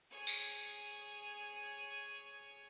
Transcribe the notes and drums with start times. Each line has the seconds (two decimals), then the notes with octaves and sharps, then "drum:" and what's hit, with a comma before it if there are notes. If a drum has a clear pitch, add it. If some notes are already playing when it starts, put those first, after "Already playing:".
0.10 G#4 C#5
0.27 drum: tambourine